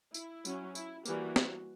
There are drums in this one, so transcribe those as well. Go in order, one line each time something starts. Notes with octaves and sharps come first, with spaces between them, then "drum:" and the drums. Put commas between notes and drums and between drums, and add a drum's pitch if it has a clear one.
E4, drum: tambourine
F#3 C#4, drum: tambourine
E4, drum: tambourine
E3 G3 A#3 F#4, drum: tambourine
drum: snare